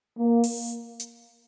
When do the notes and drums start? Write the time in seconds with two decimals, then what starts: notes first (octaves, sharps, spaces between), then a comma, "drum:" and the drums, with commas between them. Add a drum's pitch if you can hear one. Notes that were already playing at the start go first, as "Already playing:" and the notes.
0.19 A#3
0.44 drum: open hi-hat
1.00 drum: hi-hat